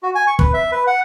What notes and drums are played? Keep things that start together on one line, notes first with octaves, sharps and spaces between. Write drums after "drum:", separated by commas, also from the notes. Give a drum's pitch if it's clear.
F#4
G#5
C#6
B4, drum: kick
E5
B4
F#5